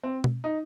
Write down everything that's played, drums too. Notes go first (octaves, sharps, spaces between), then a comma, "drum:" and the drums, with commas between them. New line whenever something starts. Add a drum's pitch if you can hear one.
C4
drum: tom B2
D#4